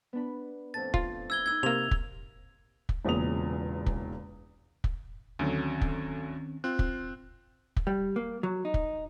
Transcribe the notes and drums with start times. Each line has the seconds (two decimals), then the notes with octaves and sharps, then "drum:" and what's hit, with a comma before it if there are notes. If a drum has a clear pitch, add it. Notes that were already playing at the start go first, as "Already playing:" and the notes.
0.13 B3 D4 B5
0.74 F2 A2 A5 A6
0.94 F4, drum: kick
1.30 E4 E6 G#6 G7
1.46 D#4 E4 E6 G#6
1.63 C3 A#3 F7
1.91 drum: kick
2.89 drum: kick
3.05 E1 E2 A#2 C#3 D#6 F7
3.86 drum: kick
4.84 drum: kick
5.39 D2 D3 D#3 F#3 C4 C#4
5.81 drum: kick
6.64 C4 F4 F#6
6.79 drum: kick
7.76 drum: kick
7.87 G3
8.16 A#3
8.43 F#3
8.65 D#4
8.74 drum: kick